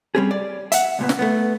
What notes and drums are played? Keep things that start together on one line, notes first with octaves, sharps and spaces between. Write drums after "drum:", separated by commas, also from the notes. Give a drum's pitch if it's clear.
G3 C4 C#4 G4 G#4
D5
E5 F#5, drum: hi-hat
C#2 A#2 B3
drum: snare
A3 B3